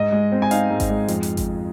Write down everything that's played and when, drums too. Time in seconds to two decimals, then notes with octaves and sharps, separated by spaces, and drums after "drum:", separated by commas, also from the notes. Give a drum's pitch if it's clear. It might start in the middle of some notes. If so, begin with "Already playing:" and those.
Already playing: G#2 D#5
0.12 G#3
0.32 C4
0.42 G#5
0.51 D#4 F5, drum: hi-hat
0.70 G#2
0.80 drum: kick G#1, hi-hat
0.89 G#3
1.08 F2, drum: hi-hat
1.23 drum: hi-hat
1.37 drum: kick G#1, hi-hat